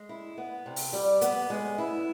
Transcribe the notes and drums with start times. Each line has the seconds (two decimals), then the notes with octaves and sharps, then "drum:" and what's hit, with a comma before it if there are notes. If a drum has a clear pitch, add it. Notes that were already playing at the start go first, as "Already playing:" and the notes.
Already playing: G#3
0.09 E4
0.38 B3
0.66 C3
0.76 drum: open hi-hat
0.93 G3
1.21 B3, drum: hi-hat
1.50 G#3
1.78 E4